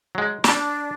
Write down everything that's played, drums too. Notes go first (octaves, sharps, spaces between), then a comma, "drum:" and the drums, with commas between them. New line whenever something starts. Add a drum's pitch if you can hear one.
F#3 G#3
D4 D5 A5, drum: snare